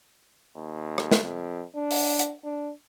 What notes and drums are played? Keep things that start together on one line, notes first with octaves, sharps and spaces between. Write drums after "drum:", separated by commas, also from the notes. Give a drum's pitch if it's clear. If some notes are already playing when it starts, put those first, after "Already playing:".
D#2
drum: rim click
drum: snare
F2
D4
drum: open hi-hat
drum: hi-hat
D4